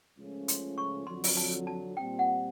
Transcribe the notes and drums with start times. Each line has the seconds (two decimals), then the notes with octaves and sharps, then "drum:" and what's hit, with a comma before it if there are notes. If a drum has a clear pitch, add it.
0.18 C#2 C#3 F3 A3 C#4
0.48 C6, drum: hi-hat
0.78 C#6
1.07 F2 D3 F#3 C6
1.24 drum: open hi-hat
1.37 A5
1.67 A5
1.97 A#2 G3 C4 G5
2.19 F#5